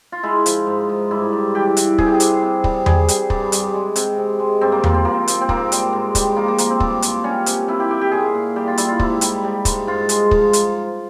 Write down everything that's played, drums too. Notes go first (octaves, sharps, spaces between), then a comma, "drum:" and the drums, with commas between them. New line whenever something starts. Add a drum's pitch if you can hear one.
F4
G#3 E4
F3, drum: hi-hat
G#2
G#2
G2 E4
G2
E3 G4
E3, drum: hi-hat
C3 G#4, drum: kick
G4
G#4
C3, drum: hi-hat
C3
G3, drum: kick
G3 G#4, drum: tom E2
G3, drum: hi-hat
G2, drum: kick
G3, drum: hi-hat
G#3
C3, drum: hi-hat
C3
G#3
G2 C4
A#3
F3 A#3, drum: tom E2
C4
F3 A#3
F3, drum: hi-hat
C4
G#2 A#3, drum: kick
G3, drum: hi-hat
G#2
G3, drum: kick, hi-hat
F3 A#3
A#3
F3 A#3, drum: hi-hat
C4
G2, drum: kick
F3, drum: hi-hat
G3 C#4
C3, drum: hi-hat
C3 E4
G4
C3 G4
G4
A#2 G#4
A#2
G3 G4
F4
G3 E4, drum: hi-hat
F4
G#2 E4, drum: kick
G3, drum: hi-hat
G3
G#2, drum: kick, hi-hat
G#2 F4
G#3, drum: hi-hat
F3, drum: kick
drum: hi-hat